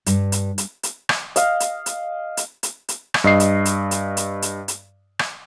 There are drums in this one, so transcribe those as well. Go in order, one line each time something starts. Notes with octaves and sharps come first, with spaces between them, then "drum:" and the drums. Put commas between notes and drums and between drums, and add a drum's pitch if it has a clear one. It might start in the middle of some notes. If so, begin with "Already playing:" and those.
G2, drum: hi-hat
drum: hi-hat
drum: hi-hat
drum: hi-hat
drum: rim click
D#5 F5, drum: hi-hat
drum: hi-hat
drum: hi-hat
drum: hi-hat
drum: hi-hat
drum: hi-hat
drum: rim click
G2 D#5 C7
drum: hi-hat
drum: hi-hat
drum: hi-hat
drum: hi-hat
drum: hi-hat
drum: hi-hat
drum: rim click